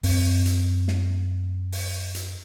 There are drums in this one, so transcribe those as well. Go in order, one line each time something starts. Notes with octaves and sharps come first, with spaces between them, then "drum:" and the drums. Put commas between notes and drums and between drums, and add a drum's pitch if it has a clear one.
F#2 C4, drum: open hi-hat
drum: hi-hat
drum: snare
drum: open hi-hat
drum: hi-hat